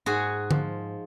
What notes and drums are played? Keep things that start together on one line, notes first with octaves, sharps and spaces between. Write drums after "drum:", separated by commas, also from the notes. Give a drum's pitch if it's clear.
G#2 F#4 G#4
F3, drum: tom D3